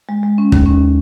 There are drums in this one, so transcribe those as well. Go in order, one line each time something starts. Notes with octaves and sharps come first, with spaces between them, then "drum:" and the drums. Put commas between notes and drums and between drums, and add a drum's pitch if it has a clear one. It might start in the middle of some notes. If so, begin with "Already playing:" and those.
G#3
G#3
C#4
D#2, drum: kick
C#4